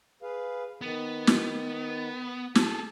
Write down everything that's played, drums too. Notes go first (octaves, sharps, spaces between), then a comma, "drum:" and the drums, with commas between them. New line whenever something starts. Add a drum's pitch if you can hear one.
G#4 B4 F5
D#3 B3
drum: snare
G#4 A4, drum: snare